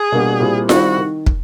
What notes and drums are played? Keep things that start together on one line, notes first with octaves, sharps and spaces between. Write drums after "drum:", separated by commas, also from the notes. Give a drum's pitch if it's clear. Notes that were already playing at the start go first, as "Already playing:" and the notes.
Already playing: G#4
B2 G3 A#3 D4 F#4
A#2 G3 C4 E4 G4
D#3 G3 C4 E4 F#4 G4, drum: snare F4
D#3
drum: kick